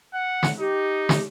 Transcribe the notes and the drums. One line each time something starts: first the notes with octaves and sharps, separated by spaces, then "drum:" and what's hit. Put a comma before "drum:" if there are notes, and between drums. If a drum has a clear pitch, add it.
F#5
drum: snare
D#4 G4
drum: snare